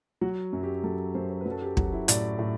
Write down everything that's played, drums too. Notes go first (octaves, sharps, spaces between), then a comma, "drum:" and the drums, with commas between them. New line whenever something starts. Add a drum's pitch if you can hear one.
F#3 F#4
F#2
G4
F#3 A4
F#2 C5
C5
F#3 B4
A4
G4
F#3 F#4, drum: kick
E4
A2 D5, drum: hi-hat
A2